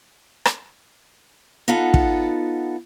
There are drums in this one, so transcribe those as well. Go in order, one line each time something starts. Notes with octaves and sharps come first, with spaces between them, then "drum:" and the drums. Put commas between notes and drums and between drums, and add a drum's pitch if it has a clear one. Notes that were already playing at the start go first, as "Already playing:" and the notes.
drum: rim click
B3 D#4 F4 A4 F#5
drum: kick